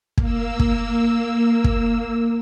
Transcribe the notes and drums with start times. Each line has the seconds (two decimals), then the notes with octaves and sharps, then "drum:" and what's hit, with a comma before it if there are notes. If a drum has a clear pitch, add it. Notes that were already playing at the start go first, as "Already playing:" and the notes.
0.18 A#3 E6, drum: kick
0.59 drum: kick
1.64 drum: kick